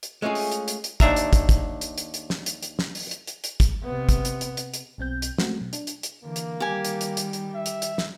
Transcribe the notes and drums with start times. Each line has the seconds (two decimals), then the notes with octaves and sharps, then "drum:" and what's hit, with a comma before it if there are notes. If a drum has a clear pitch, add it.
0.03 drum: hi-hat
0.22 G#3 A3 C#4 F4 G#4
0.35 drum: open hi-hat
0.51 drum: hi-hat
0.68 drum: hi-hat
0.84 drum: hi-hat
1.00 D#2 D4 E5 A#5, drum: kick, hi-hat
1.16 drum: hi-hat
1.33 drum: kick, hi-hat
1.49 drum: kick, hi-hat
1.81 drum: hi-hat
1.98 drum: hi-hat
2.14 drum: hi-hat
2.30 drum: snare
2.46 drum: hi-hat
2.63 drum: hi-hat
2.79 drum: snare
2.95 drum: open hi-hat
3.11 drum: hi-hat
3.27 drum: hi-hat
3.44 drum: hi-hat
3.60 drum: kick, hi-hat
3.84 C3 B3
4.09 drum: kick, hi-hat
4.25 drum: hi-hat
4.41 drum: hi-hat
4.57 drum: hi-hat
4.74 drum: hi-hat
4.98 B1 B2 C4 G6
5.22 drum: hi-hat
5.38 G#3 A3 C4 F#4, drum: snare
5.58 B2 F#3
5.73 D4, drum: hi-hat
5.87 drum: hi-hat
6.03 drum: hi-hat
6.23 D3 E3 A#3
6.36 drum: hi-hat
6.60 D#3 G3 G4 G#5
6.85 drum: hi-hat
7.01 drum: hi-hat
7.17 drum: hi-hat
7.33 drum: hi-hat
7.55 E5
7.66 drum: hi-hat
7.82 drum: hi-hat
7.98 drum: snare